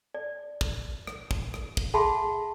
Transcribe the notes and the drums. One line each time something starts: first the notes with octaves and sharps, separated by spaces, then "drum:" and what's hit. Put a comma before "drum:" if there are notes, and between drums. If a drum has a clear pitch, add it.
D5
drum: kick
drum: rim click
drum: kick
drum: rim click
drum: kick
G#4 E5 F#5 A5 B5 C6